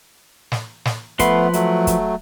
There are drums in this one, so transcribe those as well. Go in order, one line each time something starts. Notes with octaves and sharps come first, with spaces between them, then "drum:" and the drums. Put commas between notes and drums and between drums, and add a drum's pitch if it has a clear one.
drum: snare
drum: snare
F3 A3 B3 B4 C6, drum: kick, hi-hat
F#3 A3, drum: hi-hat
drum: kick, hi-hat